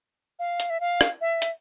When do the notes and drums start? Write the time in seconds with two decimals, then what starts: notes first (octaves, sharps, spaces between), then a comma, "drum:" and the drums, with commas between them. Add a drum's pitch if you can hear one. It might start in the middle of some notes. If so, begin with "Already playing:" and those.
0.39 F5
0.60 drum: hi-hat
0.70 E5
0.81 F5
1.01 drum: rim click
1.21 E5
1.42 drum: hi-hat